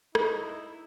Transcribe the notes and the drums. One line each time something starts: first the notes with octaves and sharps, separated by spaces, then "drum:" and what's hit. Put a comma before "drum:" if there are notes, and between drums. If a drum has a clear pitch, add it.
D#4 E4, drum: rim click